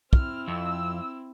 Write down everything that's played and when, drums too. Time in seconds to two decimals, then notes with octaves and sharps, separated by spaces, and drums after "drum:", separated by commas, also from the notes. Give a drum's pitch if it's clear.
0.13 C4 E4 F6, drum: kick
0.48 F2 E6